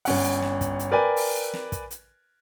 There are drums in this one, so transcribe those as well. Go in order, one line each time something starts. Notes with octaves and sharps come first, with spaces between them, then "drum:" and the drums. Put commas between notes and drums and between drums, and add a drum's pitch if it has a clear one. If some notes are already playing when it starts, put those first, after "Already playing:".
G1 C#4 F#5, drum: open hi-hat
drum: hi-hat
drum: snare
drum: kick, hi-hat
drum: hi-hat
A#4 B4 D5 G5 G#5
drum: open hi-hat
drum: hi-hat
drum: snare
drum: kick, hi-hat
drum: hi-hat